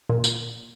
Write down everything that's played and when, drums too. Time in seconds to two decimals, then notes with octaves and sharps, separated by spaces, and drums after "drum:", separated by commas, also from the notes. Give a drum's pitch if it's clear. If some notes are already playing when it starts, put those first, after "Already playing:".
0.09 A#2
0.24 drum: tambourine